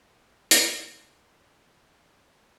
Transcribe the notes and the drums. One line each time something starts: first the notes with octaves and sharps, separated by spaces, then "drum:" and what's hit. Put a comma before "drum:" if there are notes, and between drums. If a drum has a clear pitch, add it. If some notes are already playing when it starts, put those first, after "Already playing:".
F#4
F#4
D#3, drum: hi-hat
C4
A4
E2
D#3
E3